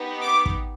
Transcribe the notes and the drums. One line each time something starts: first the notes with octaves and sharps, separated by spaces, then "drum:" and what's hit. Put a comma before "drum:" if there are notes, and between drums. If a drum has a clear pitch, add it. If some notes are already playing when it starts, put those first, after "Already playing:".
Already playing: B3 D#4 G4
D6
drum: kick